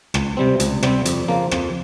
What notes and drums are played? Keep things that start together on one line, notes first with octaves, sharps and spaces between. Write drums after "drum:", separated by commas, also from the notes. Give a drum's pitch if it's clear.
C#2, drum: rim click
C3 G3 C4
C#2, drum: hi-hat
C3 G3 C4, drum: rim click
F2, drum: hi-hat
C#3 F3 A#3
F2, drum: rim click